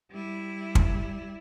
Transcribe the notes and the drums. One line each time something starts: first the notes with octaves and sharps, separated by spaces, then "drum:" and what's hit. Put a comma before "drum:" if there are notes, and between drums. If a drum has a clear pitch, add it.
G3 E4
drum: kick